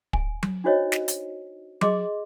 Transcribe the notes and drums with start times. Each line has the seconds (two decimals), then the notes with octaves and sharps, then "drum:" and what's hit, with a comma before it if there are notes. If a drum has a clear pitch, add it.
0.13 G#5, drum: kick
0.43 drum: tom F#3
0.64 D4 D#4 F#4 C5 C#5 D#5
0.92 drum: snare
1.08 drum: hi-hat
1.81 G#4 D#5 C6 D6, drum: tom F#3